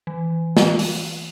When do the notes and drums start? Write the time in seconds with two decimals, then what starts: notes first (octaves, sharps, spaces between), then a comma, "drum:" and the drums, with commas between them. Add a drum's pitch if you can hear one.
0.07 E3
0.57 drum: snare
0.79 drum: open hi-hat